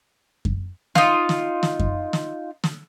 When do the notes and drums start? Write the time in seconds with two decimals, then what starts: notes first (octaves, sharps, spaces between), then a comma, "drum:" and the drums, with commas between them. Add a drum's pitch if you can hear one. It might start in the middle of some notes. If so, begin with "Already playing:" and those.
0.45 drum: kick F#2
0.95 D#4 F4, drum: snare
1.29 drum: snare
1.63 drum: snare
1.79 drum: kick F#2
2.13 drum: snare
2.64 drum: snare